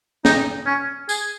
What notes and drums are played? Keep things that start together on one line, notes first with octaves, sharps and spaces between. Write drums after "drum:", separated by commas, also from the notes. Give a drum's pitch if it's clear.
D#4, drum: snare
C#4
G#4, drum: tambourine